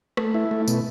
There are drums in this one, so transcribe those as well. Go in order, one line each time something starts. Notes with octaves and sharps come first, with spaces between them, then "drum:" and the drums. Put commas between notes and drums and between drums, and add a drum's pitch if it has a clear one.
A3, drum: rim click
E4
A3
B2, drum: tambourine